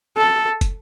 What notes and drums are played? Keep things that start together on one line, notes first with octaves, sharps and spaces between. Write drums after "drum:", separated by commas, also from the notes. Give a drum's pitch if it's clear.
A4
drum: kick, hi-hat